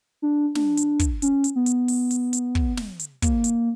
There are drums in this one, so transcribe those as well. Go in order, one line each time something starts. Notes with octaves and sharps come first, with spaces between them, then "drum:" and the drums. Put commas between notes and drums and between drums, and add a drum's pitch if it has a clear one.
D4
D4, drum: snare
drum: hi-hat
drum: kick, hi-hat
C#4, drum: hi-hat
drum: hi-hat
B3
drum: hi-hat
drum: open hi-hat
drum: hi-hat
drum: hi-hat
drum: kick
drum: snare
drum: hi-hat
A#3, drum: kick, hi-hat
drum: hi-hat